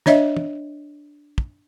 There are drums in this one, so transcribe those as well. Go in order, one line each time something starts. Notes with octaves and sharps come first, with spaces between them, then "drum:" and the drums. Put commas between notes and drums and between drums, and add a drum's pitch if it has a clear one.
D4 C#5 D#5 E5, drum: snare
drum: tom
drum: kick